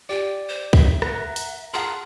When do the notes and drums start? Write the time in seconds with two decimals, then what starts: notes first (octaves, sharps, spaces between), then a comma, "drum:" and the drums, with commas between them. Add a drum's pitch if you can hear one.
0.09 G4 D5 G5
0.48 C5
0.73 E5, drum: kick
1.02 F#5 A#5, drum: rim click
1.36 drum: open hi-hat
1.74 F4 G#4 A#4 F#5 A5 C6